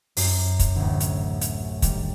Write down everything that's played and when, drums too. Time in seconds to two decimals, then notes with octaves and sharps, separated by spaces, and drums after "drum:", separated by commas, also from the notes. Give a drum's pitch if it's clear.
0.17 F#2, drum: open hi-hat
0.59 drum: kick, hi-hat
0.76 A1 D2
1.00 drum: hi-hat
1.41 drum: hi-hat
1.82 D#3 G3, drum: kick, hi-hat